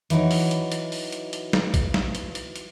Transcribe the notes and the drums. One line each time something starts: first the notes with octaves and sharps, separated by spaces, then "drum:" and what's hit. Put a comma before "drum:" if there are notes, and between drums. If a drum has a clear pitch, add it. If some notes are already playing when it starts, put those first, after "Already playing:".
E3 F#3 D#4 F#4, drum: hi-hat
drum: open hi-hat
drum: hi-hat
drum: hi-hat
drum: open hi-hat
drum: hi-hat
drum: hi-hat
drum: snare
drum: kick, hi-hat
drum: snare
drum: hi-hat
drum: hi-hat
drum: hi-hat